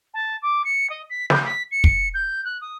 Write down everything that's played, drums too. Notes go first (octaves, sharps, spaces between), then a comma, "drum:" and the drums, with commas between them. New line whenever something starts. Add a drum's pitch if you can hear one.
A5
D6
C#7
D#5
B6
G6, drum: snare
B6
C#7
drum: kick
G6
F#6
D#6